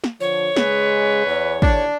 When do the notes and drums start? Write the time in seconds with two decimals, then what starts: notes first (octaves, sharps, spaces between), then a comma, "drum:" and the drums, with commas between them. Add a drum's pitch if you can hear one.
0.04 drum: snare
0.20 D3 F3 C#5
0.56 C#3 G#3 B4, drum: snare
1.26 E2
1.62 D#2 A2 D3 D4, drum: kick